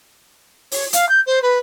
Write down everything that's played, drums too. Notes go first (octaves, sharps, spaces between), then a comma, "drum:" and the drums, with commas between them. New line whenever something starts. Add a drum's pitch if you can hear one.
C#5, drum: open hi-hat
F5, drum: hi-hat
G6
C5
B4